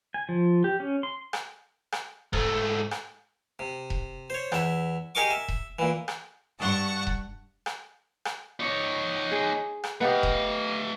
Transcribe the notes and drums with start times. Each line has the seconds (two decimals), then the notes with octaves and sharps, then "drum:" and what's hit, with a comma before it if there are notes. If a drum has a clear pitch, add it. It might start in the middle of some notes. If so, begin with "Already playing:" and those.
0.14 G#5
0.29 F3
0.64 G4
0.80 C#4
1.03 C6
1.33 drum: rim click
1.92 drum: rim click
2.33 G#2 A3, drum: kick E1
2.91 drum: rim click
3.59 C3
3.90 drum: kick E1
4.30 C5 C#5
4.52 E2 E5, drum: rim click
5.15 G4 G#4 A#4 D#5 C#6 D6
5.30 E5
5.48 drum: kick E1
5.79 A#2 E3
6.08 drum: rim click
6.59 G2 F#5 A5 C#6
7.07 drum: kick E1
7.66 drum: rim click
8.25 drum: rim click
8.60 D#4 C#5
9.32 G#4
9.84 drum: rim click
10.01 A3 B3 D#4 G4 F5
10.23 drum: kick E1